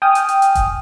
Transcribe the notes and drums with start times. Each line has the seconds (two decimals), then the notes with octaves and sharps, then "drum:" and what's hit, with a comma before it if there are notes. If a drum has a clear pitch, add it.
0.02 G5 G#5 D#6 F6
0.15 drum: hi-hat
0.29 drum: hi-hat
0.42 drum: hi-hat
0.55 drum: kick D#1, hi-hat